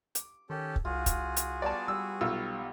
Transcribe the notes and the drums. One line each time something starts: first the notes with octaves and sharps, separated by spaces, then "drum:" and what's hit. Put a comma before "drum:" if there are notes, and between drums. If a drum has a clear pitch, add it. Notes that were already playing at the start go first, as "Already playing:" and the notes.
D6, drum: hi-hat
D#3 C#4 G4 A4
drum: kick
C2 F4 F#4 G#4
drum: kick, hi-hat
drum: hi-hat
G3 B3 D5 A5 C#6
G3 G4 E6
B1 F4 C#6 E6